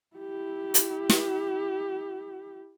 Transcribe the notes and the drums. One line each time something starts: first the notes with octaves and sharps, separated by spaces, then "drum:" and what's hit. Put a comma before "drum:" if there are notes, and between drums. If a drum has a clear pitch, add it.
E4 G4
drum: hi-hat
drum: snare